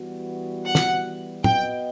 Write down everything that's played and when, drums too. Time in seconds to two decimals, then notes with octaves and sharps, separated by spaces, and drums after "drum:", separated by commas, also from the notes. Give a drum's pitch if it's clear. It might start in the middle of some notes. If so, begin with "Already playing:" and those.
Already playing: E3 G3 B3 F#4
0.65 F#5
0.75 drum: snare
1.44 B3 F#4 B4 D#5 G5, drum: tom